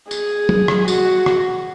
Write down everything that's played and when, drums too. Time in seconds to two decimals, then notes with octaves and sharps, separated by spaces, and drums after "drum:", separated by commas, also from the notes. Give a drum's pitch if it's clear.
0.11 G#4, drum: tambourine
0.49 drum: tom
0.68 drum: rim click
0.88 F#4, drum: tambourine
1.26 drum: rim click